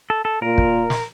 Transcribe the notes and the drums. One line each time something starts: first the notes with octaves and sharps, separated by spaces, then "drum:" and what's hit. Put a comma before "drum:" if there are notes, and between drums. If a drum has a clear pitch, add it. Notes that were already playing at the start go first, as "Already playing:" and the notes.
A4
A4
A#2 A#4
drum: kick
drum: snare